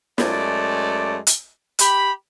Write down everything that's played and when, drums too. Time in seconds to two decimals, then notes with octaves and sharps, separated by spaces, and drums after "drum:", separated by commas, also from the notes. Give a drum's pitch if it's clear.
0.18 F#2 G#3 A3 D5, drum: snare
1.27 drum: hi-hat
1.79 G4 B5, drum: hi-hat